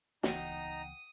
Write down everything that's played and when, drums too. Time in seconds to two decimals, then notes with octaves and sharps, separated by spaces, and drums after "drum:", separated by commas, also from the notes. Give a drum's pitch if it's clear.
0.23 C#2 E3 B3 D#4 F#5 G5 A#5 D#6, drum: snare